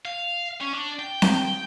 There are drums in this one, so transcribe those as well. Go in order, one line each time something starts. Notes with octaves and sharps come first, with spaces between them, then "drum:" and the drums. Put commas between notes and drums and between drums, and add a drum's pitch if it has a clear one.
F5
C#4
D4
G5
drum: snare C4